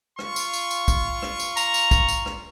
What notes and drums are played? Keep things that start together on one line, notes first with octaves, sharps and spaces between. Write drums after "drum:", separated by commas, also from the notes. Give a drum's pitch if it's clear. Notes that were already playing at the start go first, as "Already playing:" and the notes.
F4 C#6, drum: rim click
drum: tambourine
drum: tambourine
drum: tambourine
drum: kick, tambourine
drum: rim click
drum: tambourine
A#5, drum: tambourine
drum: tambourine
drum: kick, tambourine
drum: tambourine
drum: rim click